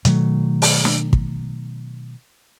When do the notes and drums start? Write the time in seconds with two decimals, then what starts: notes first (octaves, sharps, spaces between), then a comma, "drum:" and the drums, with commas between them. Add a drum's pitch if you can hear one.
0.05 B2 D#3 F#3 A3, drum: hi-hat
0.62 drum: open hi-hat
0.85 drum: snare
1.13 drum: kick